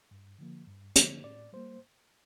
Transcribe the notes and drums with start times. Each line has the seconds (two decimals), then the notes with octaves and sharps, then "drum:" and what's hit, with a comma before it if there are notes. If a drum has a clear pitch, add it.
0.11 G2
0.38 D3 F3 A#3
0.67 G2
0.96 D3 F3 A#3, drum: hi-hat
1.24 A2 D5
1.53 G3 A#3 C5